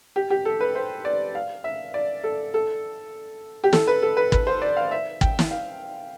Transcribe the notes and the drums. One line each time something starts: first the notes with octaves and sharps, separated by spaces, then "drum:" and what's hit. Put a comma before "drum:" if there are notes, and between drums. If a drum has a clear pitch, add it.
G4
G4
A4
B4
C5
D5
F5
E5
D5
A4
A4
G4
A4, drum: snare
B4
A4
B4
B4, drum: kick
C5
D5
F5
E5
G5, drum: kick
drum: snare
F5